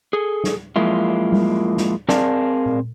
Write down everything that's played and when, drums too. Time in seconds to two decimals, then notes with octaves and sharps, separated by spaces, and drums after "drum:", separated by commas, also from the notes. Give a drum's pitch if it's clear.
0.13 G#4 A4
0.44 drum: snare
0.76 F#2 F3 G#3 A#3 E4 F4
1.32 drum: tom G3
1.77 drum: snare
2.09 C4 G#4 A#4 D5 F5 A5, drum: snare
2.66 drum: tom A#2